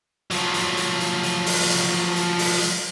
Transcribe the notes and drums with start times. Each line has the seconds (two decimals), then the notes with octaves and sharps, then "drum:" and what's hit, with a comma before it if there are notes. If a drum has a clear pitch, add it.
0.31 F3 F#3, drum: hi-hat
0.54 drum: hi-hat
0.77 drum: hi-hat
1.00 drum: hi-hat
1.23 drum: hi-hat
1.46 drum: open hi-hat
1.69 drum: hi-hat
2.16 drum: hi-hat
2.39 drum: open hi-hat
2.62 drum: hi-hat